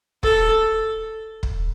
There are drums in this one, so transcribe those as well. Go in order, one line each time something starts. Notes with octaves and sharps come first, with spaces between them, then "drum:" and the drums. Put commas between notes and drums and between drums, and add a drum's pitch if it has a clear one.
A4, drum: kick
drum: kick